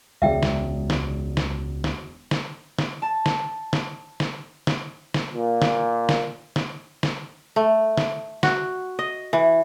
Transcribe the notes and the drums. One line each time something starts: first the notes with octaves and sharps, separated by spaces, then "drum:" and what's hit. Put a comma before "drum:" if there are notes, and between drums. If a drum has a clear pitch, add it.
E1 C#2 G#4 D5 E5 G5
drum: snare
drum: snare
drum: snare
drum: snare
drum: snare
drum: snare
A5
drum: snare
drum: snare
drum: snare
drum: snare
drum: snare
A#2
drum: snare
drum: snare
drum: snare
drum: snare
A3
drum: snare
F#4, drum: snare
D#5
E3